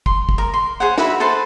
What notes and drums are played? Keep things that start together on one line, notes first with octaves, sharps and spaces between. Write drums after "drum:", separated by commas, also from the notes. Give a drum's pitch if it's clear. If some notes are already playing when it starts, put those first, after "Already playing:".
C6, drum: kick
drum: kick
A#4
C6
G#4 C5 C#5 F#5
E4 F#4 E5 B5, drum: snare
A4 B4 C5 A5